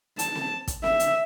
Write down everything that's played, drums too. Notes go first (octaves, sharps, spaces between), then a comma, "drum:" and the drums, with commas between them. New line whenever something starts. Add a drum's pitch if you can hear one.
A5, drum: hi-hat
drum: snare C4
drum: kick, hi-hat
E5, drum: snare C4
drum: hi-hat